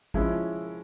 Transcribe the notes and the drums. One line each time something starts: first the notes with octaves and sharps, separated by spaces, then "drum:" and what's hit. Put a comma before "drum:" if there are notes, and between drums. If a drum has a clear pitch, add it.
F3 G#3 C#4 E4, drum: kick